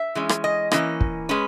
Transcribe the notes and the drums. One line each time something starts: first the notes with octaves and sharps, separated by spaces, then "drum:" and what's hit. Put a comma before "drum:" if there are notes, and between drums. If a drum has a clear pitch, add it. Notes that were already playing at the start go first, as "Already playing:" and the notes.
Already playing: E5
E3 G#3 C#4
drum: rim click
D#5
E3 A#3 C#4 D#5, drum: rim click
drum: kick
G#3 C#4 B4